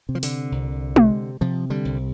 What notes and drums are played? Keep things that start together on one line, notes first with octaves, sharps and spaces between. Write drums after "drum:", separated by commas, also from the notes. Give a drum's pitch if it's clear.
C3
F3
D3, drum: open hi-hat
C2
C3, drum: tom G#3
C3 F3
D3 G3
C2